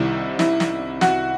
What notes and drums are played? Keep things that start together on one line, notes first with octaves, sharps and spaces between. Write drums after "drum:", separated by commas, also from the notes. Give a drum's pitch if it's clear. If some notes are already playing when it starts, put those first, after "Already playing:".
Already playing: C2 C3 D#3 G3 E4
E4, drum: snare
drum: snare
F#4, drum: snare